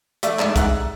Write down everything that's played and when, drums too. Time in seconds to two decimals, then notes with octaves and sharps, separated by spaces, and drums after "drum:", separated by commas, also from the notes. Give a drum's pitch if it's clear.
0.23 A3 D5 E5, drum: hi-hat
0.39 G#2 D5 E5, drum: clap
0.56 G#2 E5 F#5, drum: kick, hi-hat